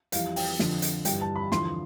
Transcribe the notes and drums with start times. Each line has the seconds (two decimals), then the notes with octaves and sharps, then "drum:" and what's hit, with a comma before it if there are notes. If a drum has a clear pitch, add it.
0.12 F2 E3 G3 F5, drum: hi-hat
0.36 G5, drum: open hi-hat
0.59 F2 D3 F3, drum: snare
0.82 drum: hi-hat
1.05 G2 E3 G3 G5, drum: hi-hat
1.21 A5
1.36 B5
1.52 E2 D3 F3 C6, drum: snare